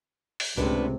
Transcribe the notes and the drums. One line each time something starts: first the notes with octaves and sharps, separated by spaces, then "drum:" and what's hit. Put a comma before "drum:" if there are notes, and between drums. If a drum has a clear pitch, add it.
drum: open hi-hat
C#2 A2 C3 D4 B4 C#5